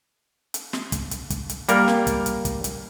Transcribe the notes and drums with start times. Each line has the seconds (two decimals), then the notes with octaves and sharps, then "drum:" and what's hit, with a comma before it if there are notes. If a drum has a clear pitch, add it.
0.54 drum: hi-hat
0.73 drum: snare
0.92 drum: kick, hi-hat
1.11 drum: hi-hat
1.30 drum: kick, hi-hat
1.49 drum: hi-hat
1.69 G3 A#3 A#4, drum: hi-hat
1.88 drum: snare
2.07 drum: kick, hi-hat
2.26 drum: hi-hat
2.45 drum: kick, hi-hat
2.64 drum: hi-hat